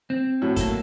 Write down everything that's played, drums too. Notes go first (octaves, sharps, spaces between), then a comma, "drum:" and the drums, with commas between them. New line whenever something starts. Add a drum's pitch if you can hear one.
C4
A2 F#3
A#3 A4, drum: kick, hi-hat